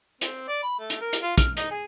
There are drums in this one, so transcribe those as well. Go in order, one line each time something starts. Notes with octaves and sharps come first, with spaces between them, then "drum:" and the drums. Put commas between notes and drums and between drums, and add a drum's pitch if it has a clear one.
C4, drum: hi-hat
D5
B5
A3
drum: hi-hat
A#4
drum: hi-hat
F4
F6, drum: kick, hi-hat
D#4, drum: hi-hat
G#4